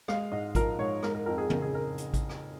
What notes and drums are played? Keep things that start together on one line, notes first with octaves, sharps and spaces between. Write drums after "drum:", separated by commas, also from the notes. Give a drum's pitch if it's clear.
G#3 F5, drum: rim click
G#2 D#5
F3 A#4, drum: kick A1, hi-hat
G#2 C#5
G#3 A#4, drum: rim click
A#4
F2 A#4
G#4
C#3 A#4, drum: tom
G#4
A#4
drum: hi-hat
drum: kick A1, hi-hat
drum: rim click